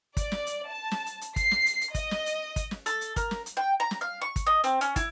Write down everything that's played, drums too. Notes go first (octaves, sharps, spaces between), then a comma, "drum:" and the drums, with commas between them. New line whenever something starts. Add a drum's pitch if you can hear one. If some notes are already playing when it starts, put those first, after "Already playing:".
D5, drum: kick, hi-hat
drum: snare
drum: hi-hat
A5
drum: snare
drum: hi-hat
drum: hi-hat
C7, drum: kick, hi-hat
drum: snare
drum: hi-hat
drum: hi-hat
D#5, drum: kick, hi-hat
drum: snare
drum: hi-hat
drum: kick, hi-hat
drum: snare
A4, drum: hi-hat
drum: hi-hat
A#4, drum: kick, hi-hat
drum: snare
drum: hi-hat
G5
A#5
drum: snare
F5
C#6
drum: kick, hi-hat
D#5
C4, drum: hi-hat
C#4, drum: hi-hat
E4, drum: kick, hi-hat